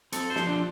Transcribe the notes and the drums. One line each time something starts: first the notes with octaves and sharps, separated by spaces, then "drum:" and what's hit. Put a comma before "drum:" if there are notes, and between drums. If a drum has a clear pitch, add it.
C4 A4, drum: hi-hat
C5
F3, drum: snare
D4